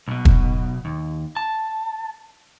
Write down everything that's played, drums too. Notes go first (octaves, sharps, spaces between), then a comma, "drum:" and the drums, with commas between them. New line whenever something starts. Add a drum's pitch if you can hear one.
B1 B2
drum: kick
D#2
A5